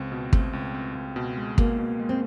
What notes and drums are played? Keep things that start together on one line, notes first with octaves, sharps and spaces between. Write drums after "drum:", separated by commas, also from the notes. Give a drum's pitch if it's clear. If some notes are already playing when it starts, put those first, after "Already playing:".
Already playing: C#2 C4
B2
A3 C4, drum: kick
C#2
C4
C#2
B2
G#3
B2 A#3, drum: kick
B2
G#3
C4